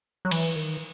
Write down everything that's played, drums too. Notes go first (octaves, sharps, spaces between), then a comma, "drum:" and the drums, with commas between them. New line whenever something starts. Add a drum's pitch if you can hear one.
F#3
E3, drum: cymbal
D#3